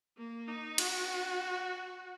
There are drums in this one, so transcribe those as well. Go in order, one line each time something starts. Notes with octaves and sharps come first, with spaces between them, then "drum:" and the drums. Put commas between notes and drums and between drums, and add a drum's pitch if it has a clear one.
A#3
D#4
F#4, drum: cymbal